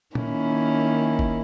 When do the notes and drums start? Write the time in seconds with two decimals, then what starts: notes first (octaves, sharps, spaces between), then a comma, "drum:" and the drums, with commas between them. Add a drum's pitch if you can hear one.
0.15 D#3 A#3 C#4 E4, drum: tom A#2
1.19 drum: kick